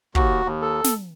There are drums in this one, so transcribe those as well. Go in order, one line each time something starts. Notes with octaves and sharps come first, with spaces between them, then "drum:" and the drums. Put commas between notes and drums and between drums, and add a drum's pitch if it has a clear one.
D#2 F#4, drum: kick
D#2
A4
drum: snare